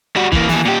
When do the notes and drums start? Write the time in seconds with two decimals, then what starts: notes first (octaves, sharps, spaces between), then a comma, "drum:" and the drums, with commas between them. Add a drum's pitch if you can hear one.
0.16 G3 F#4
0.32 E3 A#3, drum: kick B1
0.49 D#2 E3, drum: snare
0.65 A#2 G4